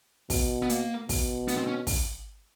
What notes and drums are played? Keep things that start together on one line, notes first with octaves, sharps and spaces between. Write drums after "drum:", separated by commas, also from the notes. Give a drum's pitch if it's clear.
B2, drum: kick, open hi-hat
B3
A#3, drum: hi-hat
B2, drum: kick, open hi-hat
B3, drum: hi-hat
C4
C#4
drum: kick, open hi-hat